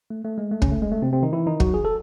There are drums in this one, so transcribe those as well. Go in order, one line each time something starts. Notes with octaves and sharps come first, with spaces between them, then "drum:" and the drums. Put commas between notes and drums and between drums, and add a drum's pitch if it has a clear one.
A3
A3
G#3
A3
C#3 C#4, drum: kick
A3
G#3
A3
C3 C4
C3 C4
D#3 D#4
E3 E4
D#3 D#4
F#3 F#4, drum: kick
G#4
A4